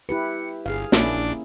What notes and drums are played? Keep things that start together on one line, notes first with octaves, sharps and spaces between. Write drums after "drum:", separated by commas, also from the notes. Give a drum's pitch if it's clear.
E4 G4 B4 C#7
G1 G#4 F5
A#1 A#3 C#4 D4 E4 D6, drum: snare